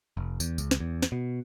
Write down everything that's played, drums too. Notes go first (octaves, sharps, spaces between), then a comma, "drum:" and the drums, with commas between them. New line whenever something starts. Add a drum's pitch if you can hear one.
F1
E2, drum: tambourine
C#2, drum: tambourine
drum: snare
E2
drum: snare
B2